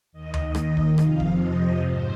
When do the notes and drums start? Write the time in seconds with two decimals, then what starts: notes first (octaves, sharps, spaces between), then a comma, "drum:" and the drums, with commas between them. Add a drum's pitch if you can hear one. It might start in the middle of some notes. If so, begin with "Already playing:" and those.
0.12 D#2 D#3 D#5
0.34 drum: tom D2
0.55 D#5, drum: rim click
0.77 drum: kick D#1
0.98 F2 C3 F3 F5, drum: rim click
1.20 drum: kick D#1
1.41 D#5
1.84 G#2 C5